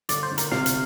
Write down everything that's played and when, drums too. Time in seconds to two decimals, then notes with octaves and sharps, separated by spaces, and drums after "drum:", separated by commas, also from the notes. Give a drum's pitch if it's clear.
0.09 G1 D5, drum: hi-hat
0.23 C5
0.31 G1
0.38 A#4, drum: hi-hat
0.51 C3 F5, drum: snare
0.66 drum: hi-hat